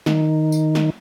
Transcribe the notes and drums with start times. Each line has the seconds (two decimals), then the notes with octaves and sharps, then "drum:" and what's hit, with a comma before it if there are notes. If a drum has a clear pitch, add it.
0.06 D#3, drum: snare
0.52 drum: tambourine
0.75 drum: snare